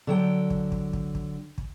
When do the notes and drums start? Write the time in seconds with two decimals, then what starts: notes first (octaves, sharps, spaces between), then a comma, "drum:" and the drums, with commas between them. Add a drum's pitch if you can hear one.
0.07 D3 F#3 G5
0.50 drum: kick
0.72 drum: kick
0.93 drum: kick
1.15 drum: kick
1.58 drum: kick